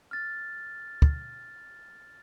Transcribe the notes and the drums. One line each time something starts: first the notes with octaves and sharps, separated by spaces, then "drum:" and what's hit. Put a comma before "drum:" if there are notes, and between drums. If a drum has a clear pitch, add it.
F6 A6
drum: kick